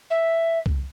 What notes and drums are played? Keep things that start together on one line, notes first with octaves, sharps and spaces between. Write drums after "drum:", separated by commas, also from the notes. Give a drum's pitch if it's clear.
E5
drum: kick C2